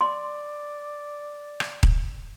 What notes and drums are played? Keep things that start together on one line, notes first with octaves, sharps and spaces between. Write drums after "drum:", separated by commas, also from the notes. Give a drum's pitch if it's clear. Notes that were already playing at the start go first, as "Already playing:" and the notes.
D5 C6
drum: rim click
drum: kick D#1